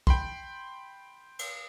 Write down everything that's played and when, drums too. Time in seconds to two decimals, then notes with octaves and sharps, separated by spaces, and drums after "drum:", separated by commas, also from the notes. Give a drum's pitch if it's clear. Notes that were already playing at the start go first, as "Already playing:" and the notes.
0.07 G5 B5 C6, drum: kick B1
1.39 drum: cymbal